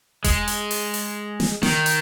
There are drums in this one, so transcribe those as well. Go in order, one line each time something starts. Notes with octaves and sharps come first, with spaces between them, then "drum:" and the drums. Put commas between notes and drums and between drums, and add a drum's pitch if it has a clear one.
G#3, drum: kick E1, hi-hat
drum: hi-hat
drum: open hi-hat
drum: open hi-hat
drum: snare
D#3, drum: snare
drum: hi-hat